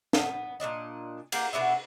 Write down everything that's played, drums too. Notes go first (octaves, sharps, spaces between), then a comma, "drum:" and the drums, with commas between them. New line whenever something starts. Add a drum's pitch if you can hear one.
B3, drum: snare
A#2 G3 D4 D#5
A#3 G4 A#4 F#5, drum: cymbal
B2 B3 D4 E5